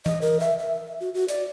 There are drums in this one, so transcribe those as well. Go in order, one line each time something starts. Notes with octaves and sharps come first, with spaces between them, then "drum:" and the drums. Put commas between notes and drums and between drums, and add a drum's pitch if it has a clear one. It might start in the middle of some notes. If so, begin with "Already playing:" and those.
D#5, drum: tom E3
A#4
E5
E5
F#4
F#4
D5, drum: hi-hat